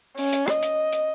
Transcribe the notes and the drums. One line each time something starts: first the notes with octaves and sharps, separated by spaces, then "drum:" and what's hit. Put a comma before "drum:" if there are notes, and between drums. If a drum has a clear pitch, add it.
C#4, drum: open hi-hat
drum: hi-hat
D#5, drum: rim click
drum: hi-hat
drum: hi-hat